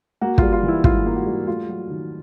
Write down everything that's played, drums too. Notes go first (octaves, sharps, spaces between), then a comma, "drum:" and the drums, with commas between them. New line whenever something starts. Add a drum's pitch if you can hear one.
A#3 F#4
G3 F4, drum: kick
F4
E3
E4
G#2 F4, drum: kick
A#3
F#4
G3
A3 F4
F#3
D#3